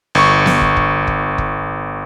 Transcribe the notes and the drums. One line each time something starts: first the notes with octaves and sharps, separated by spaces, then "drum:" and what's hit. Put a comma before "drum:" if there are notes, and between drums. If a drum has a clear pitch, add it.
G1 C#6
drum: snare B3
drum: kick
drum: kick
drum: kick
drum: kick